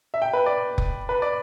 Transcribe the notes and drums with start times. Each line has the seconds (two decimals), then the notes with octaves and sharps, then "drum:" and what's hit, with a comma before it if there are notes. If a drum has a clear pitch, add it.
0.14 E5
0.22 G5
0.33 B4
0.46 D5
0.78 drum: kick F1
1.09 B4
1.22 D5